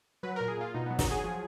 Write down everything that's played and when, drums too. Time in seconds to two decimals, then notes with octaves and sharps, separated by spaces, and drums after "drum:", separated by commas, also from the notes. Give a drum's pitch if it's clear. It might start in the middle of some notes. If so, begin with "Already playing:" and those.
0.23 F#3 B4
0.36 A#2 A#4
0.48 G#4
0.57 A#2 F4
0.74 B2 D#4
0.86 F#3 B3
0.99 D#4, drum: snare
1.08 F#3 G#4
1.24 F3